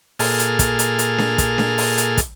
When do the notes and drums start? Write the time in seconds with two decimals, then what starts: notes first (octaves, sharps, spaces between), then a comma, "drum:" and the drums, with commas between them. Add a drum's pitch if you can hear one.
0.19 A#2 G#4 A4 F6, drum: open hi-hat
0.39 drum: hi-hat
0.59 drum: kick, hi-hat
0.79 drum: hi-hat
0.99 drum: hi-hat
1.18 drum: snare D4
1.38 drum: kick, hi-hat
1.58 drum: snare D4
1.78 drum: open hi-hat
1.98 drum: hi-hat
2.17 drum: kick, hi-hat